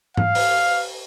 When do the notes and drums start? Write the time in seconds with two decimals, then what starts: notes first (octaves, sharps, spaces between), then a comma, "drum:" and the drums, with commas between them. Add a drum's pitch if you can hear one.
0.17 F5, drum: tom G#2
0.35 drum: open hi-hat